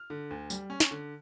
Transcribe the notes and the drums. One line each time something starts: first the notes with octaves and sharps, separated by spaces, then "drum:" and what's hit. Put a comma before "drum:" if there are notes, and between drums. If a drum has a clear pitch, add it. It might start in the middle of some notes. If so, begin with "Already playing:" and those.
Already playing: F6
D3
D2
G3, drum: tambourine
C#4
drum: snare
D3